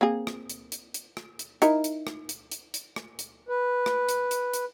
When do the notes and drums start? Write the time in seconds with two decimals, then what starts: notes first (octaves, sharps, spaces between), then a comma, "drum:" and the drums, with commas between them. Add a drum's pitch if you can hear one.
0.01 A#3 C4 G#4
0.27 drum: rim click
0.50 drum: hi-hat
0.72 drum: hi-hat
0.94 drum: hi-hat
1.17 drum: rim click
1.39 drum: hi-hat
1.62 D#4 E4 A#4, drum: hi-hat
1.84 drum: hi-hat
2.07 drum: rim click
2.29 drum: hi-hat
2.52 drum: hi-hat
2.74 drum: hi-hat
2.96 drum: rim click
3.19 drum: hi-hat
3.49 B4
3.86 drum: rim click
4.09 drum: hi-hat
4.31 drum: hi-hat
4.53 drum: hi-hat